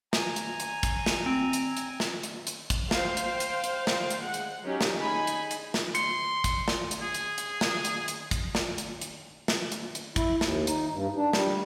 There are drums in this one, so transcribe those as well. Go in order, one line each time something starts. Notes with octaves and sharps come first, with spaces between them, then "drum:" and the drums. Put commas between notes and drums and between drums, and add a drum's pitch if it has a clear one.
G#5 A#5, drum: snare
drum: hi-hat
drum: hi-hat
drum: kick, hi-hat
drum: snare
C4
drum: hi-hat
drum: hi-hat
drum: snare
drum: hi-hat
drum: hi-hat
drum: kick, hi-hat
C5 F5 G5, drum: snare
drum: hi-hat
drum: hi-hat
drum: hi-hat
drum: snare
drum: hi-hat
G#3 F#5
drum: hi-hat
F#3 C#4 D#4 G4
drum: snare
D#4 G#4 G#5 B5
drum: hi-hat
drum: hi-hat
drum: snare
C6 C#7, drum: hi-hat
drum: kick, hi-hat
drum: snare
drum: hi-hat
G#4
drum: hi-hat
drum: hi-hat
drum: snare
drum: hi-hat
drum: hi-hat
drum: kick, hi-hat
drum: snare
drum: hi-hat
drum: hi-hat
drum: snare
drum: hi-hat
drum: hi-hat
E4, drum: kick, hi-hat
D#2, drum: snare
D#4, drum: hi-hat
G2
D4
G3, drum: snare